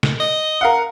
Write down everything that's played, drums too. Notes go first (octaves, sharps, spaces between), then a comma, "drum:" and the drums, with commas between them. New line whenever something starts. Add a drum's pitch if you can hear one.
drum: snare
D#5
A#4 F5 F#5